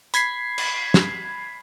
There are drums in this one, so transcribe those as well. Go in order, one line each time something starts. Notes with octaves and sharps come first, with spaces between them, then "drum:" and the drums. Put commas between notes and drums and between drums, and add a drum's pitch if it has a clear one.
B5 G#6 B6 C7, drum: hi-hat
drum: cymbal
drum: snare